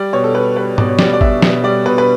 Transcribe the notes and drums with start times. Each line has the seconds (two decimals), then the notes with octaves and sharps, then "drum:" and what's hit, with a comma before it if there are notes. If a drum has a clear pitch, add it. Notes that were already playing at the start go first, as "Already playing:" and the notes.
Already playing: G3 D5
0.13 B2 C#5
0.24 A4
0.35 G3 B4
0.56 G3 B4
0.78 B2 D5, drum: tom G#2
0.89 C#5
0.99 G3 D5, drum: snare
1.13 D5
1.21 B2 E5, drum: kick G#1
1.42 B2, drum: snare
1.64 G3 D5
1.86 B2 B4
1.98 B4